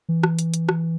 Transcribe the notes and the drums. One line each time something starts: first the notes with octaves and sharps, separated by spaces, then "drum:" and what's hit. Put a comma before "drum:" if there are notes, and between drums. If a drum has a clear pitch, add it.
E3
drum: rim click
drum: hi-hat
drum: hi-hat
drum: rim click